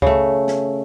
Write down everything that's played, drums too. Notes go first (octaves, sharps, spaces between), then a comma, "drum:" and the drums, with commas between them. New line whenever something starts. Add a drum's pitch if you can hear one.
C#3 A3, drum: kick C#2
drum: snare